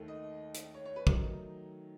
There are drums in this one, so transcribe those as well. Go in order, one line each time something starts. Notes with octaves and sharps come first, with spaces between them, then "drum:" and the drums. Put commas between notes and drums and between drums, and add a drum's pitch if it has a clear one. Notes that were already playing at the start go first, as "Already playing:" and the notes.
Already playing: D#2 D#3 A3
D#5
drum: hi-hat
C#5
C#5
B4
D#3 F#3 A3 D#4, drum: kick